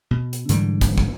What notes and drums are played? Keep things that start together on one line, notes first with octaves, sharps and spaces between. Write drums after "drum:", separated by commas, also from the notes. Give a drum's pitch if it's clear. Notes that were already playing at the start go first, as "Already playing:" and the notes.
B2
drum: hi-hat
G#2 D3 E3 G3, drum: hi-hat
drum: kick, hi-hat
drum: kick